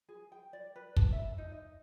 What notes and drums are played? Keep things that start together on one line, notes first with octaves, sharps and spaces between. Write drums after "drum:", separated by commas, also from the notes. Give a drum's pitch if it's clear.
G#4
G5
D5
B4
A5, drum: kick
E5
D#4
D#5